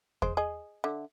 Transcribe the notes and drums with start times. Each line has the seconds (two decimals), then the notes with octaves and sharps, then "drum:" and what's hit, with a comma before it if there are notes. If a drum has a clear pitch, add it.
0.22 G#3 C5, drum: kick E2
0.37 G#4 D#5
0.84 D3 E5